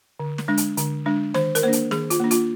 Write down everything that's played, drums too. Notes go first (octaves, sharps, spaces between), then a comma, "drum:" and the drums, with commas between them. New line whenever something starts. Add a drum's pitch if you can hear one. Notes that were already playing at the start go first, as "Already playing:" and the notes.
D3
drum: snare
G#3 D4
drum: hi-hat
D3, drum: hi-hat
G#3 D4
D#3 C5, drum: snare
A#4, drum: hi-hat
A#3 D4 C5
drum: hi-hat
D#3 G#4, drum: snare
F4, drum: hi-hat
A#3 D4
F4, drum: hi-hat